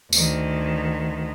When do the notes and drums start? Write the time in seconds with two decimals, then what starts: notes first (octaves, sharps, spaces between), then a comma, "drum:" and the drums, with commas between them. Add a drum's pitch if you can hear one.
0.13 D2 D#3, drum: tambourine